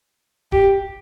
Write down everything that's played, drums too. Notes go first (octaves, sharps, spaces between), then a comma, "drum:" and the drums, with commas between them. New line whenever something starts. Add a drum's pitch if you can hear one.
G4, drum: kick D#1